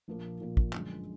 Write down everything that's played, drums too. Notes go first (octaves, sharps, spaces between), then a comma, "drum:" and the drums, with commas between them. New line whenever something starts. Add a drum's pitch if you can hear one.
A#1 A#2 F3 A#3
A#1 A#2 F3 A#3
drum: kick
G1 F#2 D3 F3 G#3, drum: clap